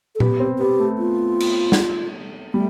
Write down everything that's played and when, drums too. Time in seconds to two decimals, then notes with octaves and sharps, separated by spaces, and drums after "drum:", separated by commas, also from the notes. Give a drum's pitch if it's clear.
0.15 A4
0.20 B3 G4, drum: tom A#2
0.40 C4
0.59 B3 G4
0.80 A3
0.98 F4
1.40 drum: cymbal
1.72 drum: snare
2.54 G3 A3